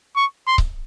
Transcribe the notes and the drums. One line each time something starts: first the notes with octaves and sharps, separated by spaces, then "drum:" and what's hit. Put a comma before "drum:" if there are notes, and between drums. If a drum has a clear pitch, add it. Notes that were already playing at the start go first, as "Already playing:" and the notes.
C#6
C6
drum: kick C#1